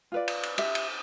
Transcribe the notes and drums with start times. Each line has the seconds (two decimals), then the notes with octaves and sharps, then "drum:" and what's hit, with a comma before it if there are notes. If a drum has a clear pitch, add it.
0.12 F4 B4 D5
0.28 drum: cymbal
0.43 drum: cymbal
0.58 G4 E5, drum: cymbal
0.75 drum: cymbal